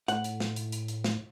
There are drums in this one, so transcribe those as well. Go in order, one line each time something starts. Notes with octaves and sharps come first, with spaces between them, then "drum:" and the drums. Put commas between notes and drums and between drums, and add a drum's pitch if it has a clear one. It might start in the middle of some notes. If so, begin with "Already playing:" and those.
A2 F#5, drum: hi-hat
drum: hi-hat
drum: snare
drum: hi-hat
drum: hi-hat
drum: hi-hat
drum: snare